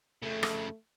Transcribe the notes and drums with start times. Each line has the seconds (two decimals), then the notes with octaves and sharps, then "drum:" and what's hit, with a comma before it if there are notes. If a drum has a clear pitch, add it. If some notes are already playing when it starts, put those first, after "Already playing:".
0.23 F2 C#3 A3
0.43 drum: rim click